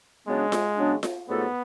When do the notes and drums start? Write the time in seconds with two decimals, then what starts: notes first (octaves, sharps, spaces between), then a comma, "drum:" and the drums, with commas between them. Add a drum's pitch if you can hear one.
0.27 C#3 F#3 G#3 B3 D4
0.52 drum: snare F4
0.77 C#3 F#3 B3 D4
1.03 drum: snare F4
1.28 G#2 F#3 A3 B3 F4 A4